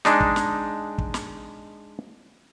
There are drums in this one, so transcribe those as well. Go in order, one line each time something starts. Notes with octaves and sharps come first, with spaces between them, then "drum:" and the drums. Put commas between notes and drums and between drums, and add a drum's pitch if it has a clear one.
G#3 D4 D#4, drum: snare
drum: kick
drum: snare
drum: kick
drum: snare